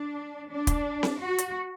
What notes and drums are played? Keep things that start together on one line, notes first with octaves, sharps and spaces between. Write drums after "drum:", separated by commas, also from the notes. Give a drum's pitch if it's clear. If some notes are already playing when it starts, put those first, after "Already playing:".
Already playing: D4
D4
drum: kick, hi-hat
drum: snare C4
F#4
drum: hi-hat